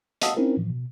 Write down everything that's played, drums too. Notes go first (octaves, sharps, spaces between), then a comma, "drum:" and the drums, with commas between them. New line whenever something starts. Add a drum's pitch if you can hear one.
D#5 F5 F#5 A5 D#6 E6, drum: hi-hat
C4 C#4 D#4 E4 A#4 C5
A2 E3 F3
B2